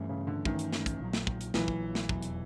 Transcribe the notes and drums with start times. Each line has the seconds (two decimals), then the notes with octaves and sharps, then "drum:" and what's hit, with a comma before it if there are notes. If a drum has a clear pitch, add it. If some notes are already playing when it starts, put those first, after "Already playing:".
Already playing: G2 E3 A3 C#4
0.09 C#3
0.27 D3
0.45 G2 D#3 E3 A3 C#4, drum: kick
0.59 drum: hi-hat
0.73 drum: snare
0.86 drum: kick, hi-hat
1.00 A#1 A#2 F#3
1.13 drum: snare
1.27 drum: kick
1.41 drum: hi-hat
1.54 A#1 A#2 E3 F#3, drum: snare
1.68 drum: kick
1.95 drum: snare
2.09 F1 E2 B2 F#3, drum: kick
2.23 drum: hi-hat